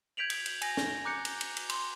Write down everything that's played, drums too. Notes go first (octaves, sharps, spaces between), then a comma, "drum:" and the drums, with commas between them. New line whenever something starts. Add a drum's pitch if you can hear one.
G6 G#6 B6 D7 F7 F#7
drum: cymbal
drum: cymbal
G#5 A#6, drum: cymbal
drum: snare
A#5 D6 F#6 G6 C#7
drum: cymbal
drum: cymbal
drum: cymbal
C6, drum: cymbal